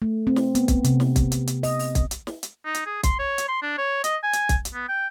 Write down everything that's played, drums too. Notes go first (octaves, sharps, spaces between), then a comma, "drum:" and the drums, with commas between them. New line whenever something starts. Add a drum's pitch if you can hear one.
A3
C4
drum: snare
B3, drum: hi-hat
drum: kick, hi-hat
C3, drum: hi-hat
drum: snare
drum: kick, hi-hat
drum: hi-hat
drum: hi-hat
D#5, drum: open hi-hat
drum: open hi-hat
drum: kick, hi-hat
drum: hi-hat
drum: snare
drum: hi-hat
D#4
drum: hi-hat
G#4
C6, drum: kick, hi-hat
C#5
drum: hi-hat
C6
D4
C#5
D#5, drum: hi-hat
G#5
drum: hi-hat
drum: kick, hi-hat
drum: hi-hat
B3
G5